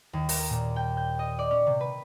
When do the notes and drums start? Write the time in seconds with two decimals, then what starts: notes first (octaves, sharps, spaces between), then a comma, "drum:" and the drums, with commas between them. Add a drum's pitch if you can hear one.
0.13 D#2
0.29 A#4, drum: open hi-hat
0.50 A#2
0.76 G5
0.97 G6
1.19 D#5
1.39 D5
1.51 C#4
1.67 C3
1.80 B4